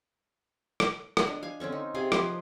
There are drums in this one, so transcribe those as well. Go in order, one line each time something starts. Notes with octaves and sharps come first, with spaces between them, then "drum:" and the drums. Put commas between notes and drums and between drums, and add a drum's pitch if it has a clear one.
drum: rim click
drum: rim click
D4 D#5
F5 G#5
D3 C4 C#4 C#6
D#4
C3 G#4 F5
F3 B4 D#5 C6, drum: rim click